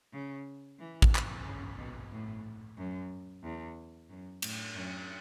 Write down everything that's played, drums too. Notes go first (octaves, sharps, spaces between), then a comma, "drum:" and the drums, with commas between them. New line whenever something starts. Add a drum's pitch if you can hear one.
C#3
E3
drum: kick
drum: clap
C#3
B2
A2
F#2
E2
F#2
A2, drum: cymbal
F#2